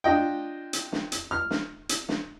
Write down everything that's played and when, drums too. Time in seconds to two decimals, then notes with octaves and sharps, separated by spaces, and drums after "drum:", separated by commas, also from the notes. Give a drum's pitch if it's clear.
0.04 D4 F4 D#5 G5
0.73 drum: hi-hat
0.92 drum: snare
1.12 drum: hi-hat
1.31 F6
1.51 drum: snare
1.89 drum: hi-hat
2.09 drum: snare